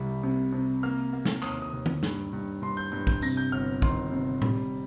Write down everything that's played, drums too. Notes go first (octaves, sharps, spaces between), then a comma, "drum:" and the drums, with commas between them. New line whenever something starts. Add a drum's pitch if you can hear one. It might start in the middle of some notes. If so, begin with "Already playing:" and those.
Already playing: C2 G3
C3
C3
A#3 F6
A#3
drum: snare
D#2 D#6, drum: clap
D#6
D#2
drum: tom D3
G2, drum: snare
G2
G2 C6
G6
G2 G6
G6, drum: kick
C3 A#6, drum: tambourine
G6
G1 F6
D#3 C6, drum: kick
C3
G3, drum: tom A2